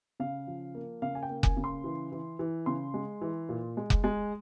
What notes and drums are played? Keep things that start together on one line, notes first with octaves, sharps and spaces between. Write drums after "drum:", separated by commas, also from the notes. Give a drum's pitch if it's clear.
C#3 F5
F3
A#3
C#3 F5
G#5
G5
A#3
G#5, drum: kick F1
C#3
C6
E3
E3
E3
C#3 C6
G#3
E3
A#2
G#3
drum: kick F1
G#3